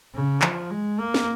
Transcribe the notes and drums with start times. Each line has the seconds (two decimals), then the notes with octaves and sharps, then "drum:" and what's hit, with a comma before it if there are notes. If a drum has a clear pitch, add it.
0.14 C#3
0.42 F3, drum: clap
0.71 G#3
1.00 A#3
1.14 drum: snare